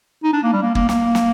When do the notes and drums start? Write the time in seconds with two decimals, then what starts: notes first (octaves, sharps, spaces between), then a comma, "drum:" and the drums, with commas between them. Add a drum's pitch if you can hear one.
0.24 D#4
0.33 D4
0.43 A#3
0.53 G3
0.62 A#3
0.75 A#3, drum: kick
0.89 A#3, drum: snare
1.15 drum: snare